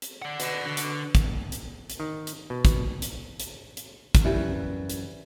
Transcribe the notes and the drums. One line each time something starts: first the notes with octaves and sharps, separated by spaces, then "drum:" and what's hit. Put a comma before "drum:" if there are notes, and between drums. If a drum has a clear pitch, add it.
drum: hi-hat
D5 F#5
B2, drum: hi-hat
D3
drum: hi-hat
drum: kick, hi-hat
drum: hi-hat
drum: hi-hat
D#3
drum: hi-hat
B2
drum: kick, hi-hat
drum: hi-hat
drum: hi-hat
drum: hi-hat
drum: kick, hi-hat
F#2 E3 G3
drum: hi-hat